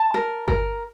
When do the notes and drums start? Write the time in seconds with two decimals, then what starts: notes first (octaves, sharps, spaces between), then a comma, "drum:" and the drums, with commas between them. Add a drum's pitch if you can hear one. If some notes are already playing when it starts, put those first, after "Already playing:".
Already playing: A5
0.14 A#4
0.48 A#4, drum: kick G1